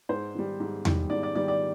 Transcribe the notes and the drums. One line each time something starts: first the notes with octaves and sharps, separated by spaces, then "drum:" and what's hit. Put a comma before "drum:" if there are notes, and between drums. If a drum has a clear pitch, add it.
G#2 C5
D#3 G3
G#2
D#3 G3, drum: tom E2
G#2 D5
D5
D#3 G3 D5
D5